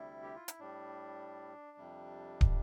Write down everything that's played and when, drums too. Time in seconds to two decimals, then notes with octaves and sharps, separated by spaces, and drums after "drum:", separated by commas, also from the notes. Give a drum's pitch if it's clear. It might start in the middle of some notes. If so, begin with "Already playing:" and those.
Already playing: D2 C3 G3 E4
0.23 G4
0.35 F4
0.48 E4, drum: hi-hat
0.59 A2 G3 D4
1.78 F2 C3 G3
2.41 drum: kick